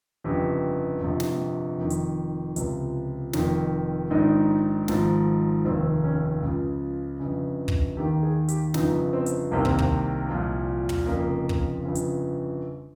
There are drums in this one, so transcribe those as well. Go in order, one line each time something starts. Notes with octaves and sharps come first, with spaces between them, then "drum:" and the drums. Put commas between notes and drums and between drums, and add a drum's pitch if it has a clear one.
G1 F2 C#3 G4
G1 F2 C3 F3
drum: snare
F1 F2 D#3
drum: hi-hat
C#2 C3 F3, drum: hi-hat
F1 F2 D#3, drum: snare
A#1 G#2 D#3 D#4
G#1 G#2 F3, drum: snare
F1 D#2 D#3 C4
C#4
C#2 C#3 F3 F4
G1 F2 C#3
drum: kick
D#2 D#3 G4
G#4
G4, drum: hi-hat
G1 F2 C#3 F3 D#4, drum: snare
C4
drum: hi-hat
C2 C3 D#3 A#3
C4, drum: kick
A#3, drum: kick
C2 A#2 F3
drum: tom
F1 F2 C#3 F3 A#3
drum: kick
G1 F2 C#3 F3
drum: hi-hat